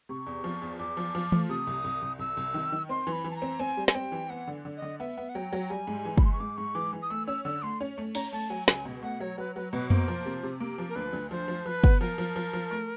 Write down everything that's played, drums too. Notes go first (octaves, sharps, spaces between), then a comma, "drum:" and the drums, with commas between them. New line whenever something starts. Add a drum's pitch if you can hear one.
C3 C#6
E2
F3
E2
E2 D6
F3
F3
A3, drum: tom E3
C3 D#6
C2
C2
C2
C2 E6
C2
D#3
D#3
C4 C6
E3
B5
E3
A5
A#5
C4
C4 G#5
G3
G#5, drum: snare
C4 G5
E3
B3 F#5
D3
D3
D#5
D3
B3 E5
B3
F#5
F#3 G5
F#3
G3 G#5
G#2
E3
B5, drum: kick
G#2 C6
C#6
G#2 D6
G#2 C#6
E3 D6
E3
D#6
A3 E6
C#4 E6
D3 E6
A3 C6
C#4
A3
C#4 A#5, drum: cymbal
A3 A5
F#3 G#5
C#2 G#5, drum: snare
B2
A3 F#5
F#3 C#5
F#3 B4
F#3 B4
B2 B4
A#3 C5, drum: tom F2
F3
C3
C3
A#3
F3
A#4
D2 B4
D2
F3 C5
F3
F3 B4
B3, drum: kick
F3 A#4
F3
F3
F3
A3